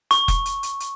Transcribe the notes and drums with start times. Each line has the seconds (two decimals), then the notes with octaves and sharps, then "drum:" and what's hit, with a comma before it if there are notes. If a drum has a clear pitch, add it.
0.11 C#6, drum: hi-hat
0.28 drum: kick F1, hi-hat
0.46 drum: hi-hat
0.63 drum: hi-hat
0.80 drum: hi-hat